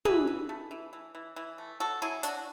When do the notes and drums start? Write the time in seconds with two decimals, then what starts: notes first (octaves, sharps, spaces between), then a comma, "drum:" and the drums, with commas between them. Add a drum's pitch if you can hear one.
0.05 E3 G#4 B4, drum: tom
0.27 E3
0.49 A3
0.71 E3
0.93 E3
1.15 E3
1.36 E3
1.58 A3
1.80 F#3 F#4 A4
2.02 F#3 E4 G#4
2.23 F#3 D4 F#4, drum: hi-hat